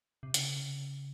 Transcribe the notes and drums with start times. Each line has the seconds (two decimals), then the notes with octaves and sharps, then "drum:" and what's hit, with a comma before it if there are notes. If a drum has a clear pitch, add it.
0.23 C3
0.34 C#3, drum: hi-hat